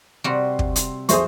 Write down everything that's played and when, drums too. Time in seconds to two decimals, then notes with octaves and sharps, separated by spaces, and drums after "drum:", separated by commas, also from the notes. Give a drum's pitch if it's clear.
0.24 C3 G3 F#4 C6
0.59 drum: kick
0.76 drum: hi-hat
1.09 B1 F2 G#4 C5 E5 C6 C#6, drum: hi-hat